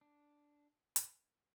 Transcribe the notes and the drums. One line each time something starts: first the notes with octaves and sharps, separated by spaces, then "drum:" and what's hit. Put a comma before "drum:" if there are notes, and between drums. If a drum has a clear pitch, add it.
D4
drum: hi-hat